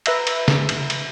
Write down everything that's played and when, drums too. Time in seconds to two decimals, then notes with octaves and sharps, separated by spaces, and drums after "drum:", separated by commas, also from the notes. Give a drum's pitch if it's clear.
0.06 B4 E5 A#5, drum: cymbal
0.27 drum: cymbal
0.48 drum: snare
0.69 drum: cymbal
0.90 drum: cymbal